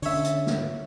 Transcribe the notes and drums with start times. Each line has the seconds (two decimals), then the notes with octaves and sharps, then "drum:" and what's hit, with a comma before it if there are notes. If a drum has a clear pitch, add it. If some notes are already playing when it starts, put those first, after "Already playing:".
0.02 D3 C#4 C#5 E5, drum: open hi-hat
0.25 drum: hi-hat
0.47 drum: snare